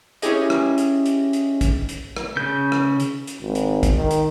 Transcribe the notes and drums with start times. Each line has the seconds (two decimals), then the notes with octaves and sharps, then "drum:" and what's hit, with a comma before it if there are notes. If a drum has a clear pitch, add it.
0.22 C#4 E4 G4 G#4 D#5, drum: hi-hat
0.50 drum: rim click
0.78 drum: hi-hat
1.06 drum: hi-hat
1.33 drum: hi-hat
1.61 drum: kick, hi-hat
1.89 drum: hi-hat
2.17 drum: rim click
2.36 C#3 G6
2.72 drum: rim click
3.00 drum: hi-hat
3.27 drum: hi-hat
3.40 G#1
3.55 drum: hi-hat
3.83 drum: kick, hi-hat
3.95 D#3
4.11 drum: hi-hat